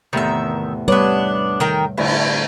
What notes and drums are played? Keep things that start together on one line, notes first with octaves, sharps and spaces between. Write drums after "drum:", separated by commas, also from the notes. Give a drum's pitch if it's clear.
E2 A2 C3 D#3 E5
G3 B3 D4 B4 C#5
D#3 A#4 G5
A2 D3 D#4 E4, drum: cymbal